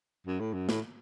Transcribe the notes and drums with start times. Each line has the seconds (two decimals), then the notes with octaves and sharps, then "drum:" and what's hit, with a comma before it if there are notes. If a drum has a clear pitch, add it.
0.27 F#2
0.40 A2
0.53 F#2
0.69 A2, drum: snare